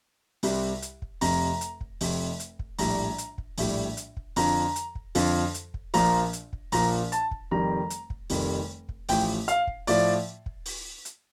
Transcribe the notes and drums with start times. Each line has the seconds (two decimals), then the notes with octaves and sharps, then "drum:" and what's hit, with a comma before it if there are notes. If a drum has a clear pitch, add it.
0.43 C2 C3 G3, drum: open hi-hat
0.82 drum: hi-hat
1.02 drum: kick
1.21 F1 F2 C3 A#5, drum: open hi-hat
1.61 drum: hi-hat
1.81 drum: kick
2.01 F1 F2 C3, drum: open hi-hat
2.40 drum: hi-hat
2.59 drum: kick
2.79 A#1 A2 G3 A#5, drum: open hi-hat
3.18 drum: hi-hat
3.38 drum: kick
3.58 A#1 A2 G3, drum: open hi-hat
3.97 drum: hi-hat
4.17 drum: kick
4.36 F2 D3 F3 A#5, drum: open hi-hat
4.76 drum: hi-hat
4.95 drum: kick
5.15 F2 D3 F3, drum: open hi-hat
5.54 drum: hi-hat
5.74 drum: kick
5.94 A#1 A#2 F3 A#5, drum: open hi-hat
6.33 drum: hi-hat
6.53 drum: kick
6.72 A#1 A#2 F3 A#5, drum: open hi-hat
7.12 A5, drum: hi-hat
7.31 drum: kick
7.51 F1 F2 D#3 G3 A#5
7.90 drum: hi-hat
8.10 drum: kick
8.30 F1 F2 D#3 G3, drum: open hi-hat
8.89 drum: kick
9.09 A1 A2 F3 G5, drum: open hi-hat
9.48 F5, drum: hi-hat
9.67 drum: kick
9.87 A2 F3 D5, drum: open hi-hat
10.46 drum: kick
10.66 drum: open hi-hat
11.05 drum: hi-hat